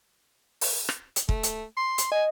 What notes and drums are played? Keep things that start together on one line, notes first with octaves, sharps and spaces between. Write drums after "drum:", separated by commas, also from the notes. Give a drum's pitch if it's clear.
drum: open hi-hat
drum: rim click
drum: hi-hat
A3, drum: kick
drum: hi-hat
C6
drum: hi-hat
D#5 G#5